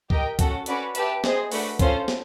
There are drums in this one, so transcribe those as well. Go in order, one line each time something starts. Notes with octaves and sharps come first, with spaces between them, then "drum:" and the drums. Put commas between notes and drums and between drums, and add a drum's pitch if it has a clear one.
G4 A#4 D#5 G5, drum: kick
C#4 F#4 A4, drum: kick, hi-hat
C#4 F#4 B4 D5, drum: hi-hat
G4 B4 E5 A5, drum: hi-hat
G#4 C5 D#5, drum: snare
A3 D4 F#4 B4, drum: open hi-hat
C#4 F4 A4 C5, drum: kick, hi-hat
drum: snare